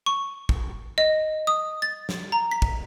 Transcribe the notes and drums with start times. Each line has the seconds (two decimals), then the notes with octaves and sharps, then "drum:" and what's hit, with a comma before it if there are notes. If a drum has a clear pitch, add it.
0.06 C#6
0.49 drum: kick
0.98 D#5
1.47 D#6
1.82 A6
2.09 drum: snare
2.32 A#5
2.51 B6
2.62 drum: kick